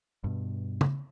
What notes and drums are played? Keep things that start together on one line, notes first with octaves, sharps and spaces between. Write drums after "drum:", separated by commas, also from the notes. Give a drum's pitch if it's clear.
G2 B2
drum: tom